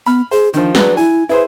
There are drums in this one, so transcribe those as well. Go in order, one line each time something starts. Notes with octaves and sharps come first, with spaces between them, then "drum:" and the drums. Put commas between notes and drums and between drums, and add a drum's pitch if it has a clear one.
B3 B5 F6
G#4 C5
D#3 F3 D4
F#3 D4 G#4 B4, drum: snare
E4 G#5
E4 G#4 B4 C5